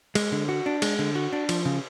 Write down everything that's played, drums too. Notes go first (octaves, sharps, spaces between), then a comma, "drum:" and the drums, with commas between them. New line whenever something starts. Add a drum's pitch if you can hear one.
G#3, drum: cymbal
D3
F#4
D4
G#3, drum: cymbal
D3
F#4
D4
F3, drum: cymbal
C#3